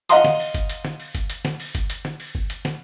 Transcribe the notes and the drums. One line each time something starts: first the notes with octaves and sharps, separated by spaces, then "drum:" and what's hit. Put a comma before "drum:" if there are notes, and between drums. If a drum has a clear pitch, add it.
D#5 F5 F#5 A#5 C6 D#6, drum: hi-hat
drum: snare
drum: open hi-hat
drum: kick, hi-hat
drum: hi-hat
drum: snare
drum: open hi-hat
drum: kick, hi-hat
drum: hi-hat
drum: snare
drum: open hi-hat
drum: kick, hi-hat
drum: hi-hat
drum: snare
drum: open hi-hat
drum: kick
drum: hi-hat
drum: snare